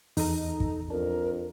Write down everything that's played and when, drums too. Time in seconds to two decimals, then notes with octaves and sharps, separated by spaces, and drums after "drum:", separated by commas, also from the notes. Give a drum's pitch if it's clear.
0.17 E2 D#4 A4 A#5, drum: open hi-hat
0.60 drum: kick
0.90 F2 D4 A#4